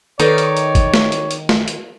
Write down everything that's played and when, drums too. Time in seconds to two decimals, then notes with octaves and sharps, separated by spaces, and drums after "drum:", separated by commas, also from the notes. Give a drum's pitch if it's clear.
0.20 D#3 D#4 A4 B4 C#5 D5, drum: hi-hat
0.38 drum: hi-hat
0.57 drum: hi-hat
0.75 drum: kick, hi-hat
0.94 drum: snare
1.12 drum: hi-hat
1.31 drum: hi-hat
1.49 drum: snare
1.68 drum: hi-hat